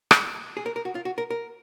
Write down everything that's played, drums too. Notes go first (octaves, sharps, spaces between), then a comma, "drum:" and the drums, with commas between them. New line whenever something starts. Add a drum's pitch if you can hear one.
drum: rim click
G#4
A#4
A#4
F#4
F4
F#4
A#4
A#4